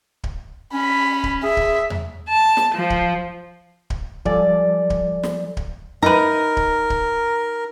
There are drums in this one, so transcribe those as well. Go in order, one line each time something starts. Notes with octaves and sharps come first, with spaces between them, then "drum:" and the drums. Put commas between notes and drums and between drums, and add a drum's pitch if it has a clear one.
drum: kick D1
C#4 B5
drum: kick D1
G#4 E5
drum: kick D1
drum: tom E2
A5
drum: snare
F3
drum: kick D1
drum: kick D1
F3 G3 A4 D5 G#5 A6, drum: kick D1
drum: kick D1
drum: snare
drum: kick D1
D#4 A#4 B4 A#5
drum: kick D1
drum: kick D1